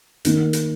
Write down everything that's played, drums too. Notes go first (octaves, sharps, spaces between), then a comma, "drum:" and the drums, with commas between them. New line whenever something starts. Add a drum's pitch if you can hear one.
D#3 A#3, drum: hi-hat
drum: hi-hat